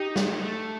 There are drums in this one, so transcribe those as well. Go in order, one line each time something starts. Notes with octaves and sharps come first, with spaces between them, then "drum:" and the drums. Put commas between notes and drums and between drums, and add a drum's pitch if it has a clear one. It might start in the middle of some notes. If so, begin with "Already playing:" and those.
Already playing: D#4 G4
A3, drum: snare
A3